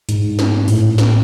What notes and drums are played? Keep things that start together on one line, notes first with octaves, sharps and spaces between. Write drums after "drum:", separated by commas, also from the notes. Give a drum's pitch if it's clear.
G#2, drum: hi-hat
drum: snare
A2, drum: open hi-hat
drum: snare